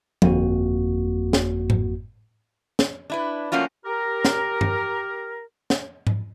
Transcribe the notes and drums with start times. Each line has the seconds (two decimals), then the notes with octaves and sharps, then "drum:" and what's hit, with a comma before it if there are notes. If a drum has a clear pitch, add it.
0.22 G1 F2 A#3 F#4, drum: tom F3
1.33 drum: snare
1.70 drum: tom G#2
2.79 drum: snare
3.10 D4 E4 B4
3.52 F3 A3 A#3 C#4 F4 F#4
3.85 G4 A#4
4.25 drum: snare
4.61 drum: tom G2
5.70 drum: snare
6.07 drum: tom G#2